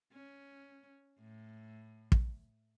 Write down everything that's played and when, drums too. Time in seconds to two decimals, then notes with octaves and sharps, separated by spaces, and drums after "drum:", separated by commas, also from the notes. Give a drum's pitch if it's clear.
0.12 C#4
1.19 A2
2.12 drum: kick